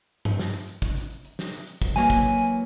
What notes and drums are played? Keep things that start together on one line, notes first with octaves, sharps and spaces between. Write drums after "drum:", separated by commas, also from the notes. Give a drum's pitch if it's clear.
drum: tom G2
drum: snare
drum: hi-hat
drum: hi-hat
drum: kick
drum: hi-hat
drum: hi-hat
drum: hi-hat
drum: snare
drum: hi-hat
drum: hi-hat
drum: kick, hi-hat
E3 F#3 A#3 G#5, drum: snare
drum: kick, hi-hat
drum: hi-hat
drum: hi-hat